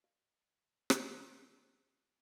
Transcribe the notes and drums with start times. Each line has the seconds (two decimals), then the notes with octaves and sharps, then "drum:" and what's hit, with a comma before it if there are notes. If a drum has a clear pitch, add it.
0.04 A#4 D#5 F5
0.90 drum: rim click